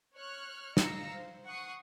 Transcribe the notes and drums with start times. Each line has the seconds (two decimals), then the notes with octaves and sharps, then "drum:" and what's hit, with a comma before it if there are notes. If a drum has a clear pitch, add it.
0.16 C#5 F6 F#6
0.77 D#5 F5 A#5 E6 A#6 C#7, drum: snare
1.12 C5
1.46 F#5 C#6 D#6 C7